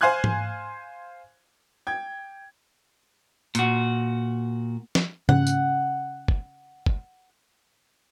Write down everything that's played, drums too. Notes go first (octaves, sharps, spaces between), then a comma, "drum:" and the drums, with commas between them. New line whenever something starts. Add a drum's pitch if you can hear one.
C5 F5 G#5 C6 F#6 G#6
drum: tom G#2
G5 G#6
A#2 F#4, drum: hi-hat
drum: snare
C#3 F#5, drum: tom G#2
drum: tambourine
drum: kick
drum: kick